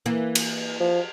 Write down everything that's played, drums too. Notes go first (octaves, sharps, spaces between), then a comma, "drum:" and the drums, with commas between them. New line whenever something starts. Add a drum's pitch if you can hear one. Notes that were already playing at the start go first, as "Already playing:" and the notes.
E3 A#3
drum: cymbal
F3